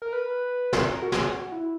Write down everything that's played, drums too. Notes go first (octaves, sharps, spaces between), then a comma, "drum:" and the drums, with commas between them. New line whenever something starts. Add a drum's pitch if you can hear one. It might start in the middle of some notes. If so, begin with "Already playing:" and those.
A#4
B4
A#4, drum: snare
A#4
F#4
G#4, drum: snare
F#4
E4